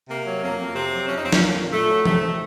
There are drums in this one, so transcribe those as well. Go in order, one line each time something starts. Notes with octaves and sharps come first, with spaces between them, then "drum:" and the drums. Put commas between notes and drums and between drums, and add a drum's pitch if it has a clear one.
C3 A#3
F#3
F2 A#3
F2
C3 C4
F#3
F2 C#4
D#4
F2 C4
C#4, drum: snare
F#3 A#3
A#2
A#2 A3
F#3
C3 A3, drum: tom E3
D#3